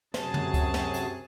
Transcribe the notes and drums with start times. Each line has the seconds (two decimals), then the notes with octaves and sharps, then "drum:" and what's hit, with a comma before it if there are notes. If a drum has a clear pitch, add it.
0.14 F#2 C3 F#3 G#4 A5, drum: snare
0.34 drum: tom
0.54 drum: kick C#2, hi-hat
0.74 drum: snare
0.94 drum: hi-hat